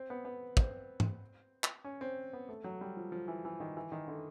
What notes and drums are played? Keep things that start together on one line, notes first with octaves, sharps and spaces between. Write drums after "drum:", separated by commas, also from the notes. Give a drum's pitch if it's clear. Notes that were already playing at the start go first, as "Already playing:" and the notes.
Already playing: C4
B3
B3
C4, drum: kick
drum: tom G#2
drum: clap
C#4
C4
B3
A3
F#3
G3
F3
F3
E3
E3
D#3
E3
D#3
D3